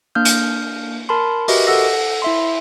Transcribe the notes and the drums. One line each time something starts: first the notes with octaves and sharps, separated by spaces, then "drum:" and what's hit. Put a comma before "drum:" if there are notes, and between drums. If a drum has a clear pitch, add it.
A#3 D4 F6 G6
drum: hi-hat
A#4 A5 B5 C6
F#4 G4 A#4 B4 D#5 E5, drum: open hi-hat
A4 F#5 E6 A#6
E4 E5 C6